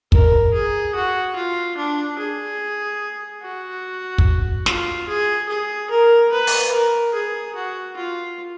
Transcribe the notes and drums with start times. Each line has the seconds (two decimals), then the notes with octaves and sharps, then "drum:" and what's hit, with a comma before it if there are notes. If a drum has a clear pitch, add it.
0.12 A#4, drum: kick
0.54 G#4
0.95 F#4
1.36 F4
1.77 D4
2.18 G#4
3.42 F#4
4.18 drum: kick
4.66 F4, drum: snare
5.08 G#4
5.49 G#4
5.90 A#4
6.32 B4
6.47 drum: open hi-hat
6.72 A#4
7.14 G#4
7.55 F#4
7.97 F4